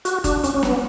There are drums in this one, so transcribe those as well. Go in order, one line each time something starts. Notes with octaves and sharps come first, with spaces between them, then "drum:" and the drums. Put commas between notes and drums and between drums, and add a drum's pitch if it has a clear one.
F#4, drum: hi-hat
D4, drum: kick, hi-hat
C#4, drum: hi-hat
C#4
B3, drum: snare